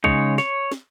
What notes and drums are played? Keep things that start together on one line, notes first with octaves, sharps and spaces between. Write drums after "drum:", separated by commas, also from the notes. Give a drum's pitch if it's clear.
C#3 G#3 D#4 C#5, drum: kick
C#5, drum: snare
drum: snare